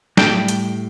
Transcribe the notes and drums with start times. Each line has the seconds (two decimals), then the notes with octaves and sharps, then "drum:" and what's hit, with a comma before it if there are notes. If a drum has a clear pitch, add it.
0.17 A2 G3 G5, drum: snare
0.48 drum: hi-hat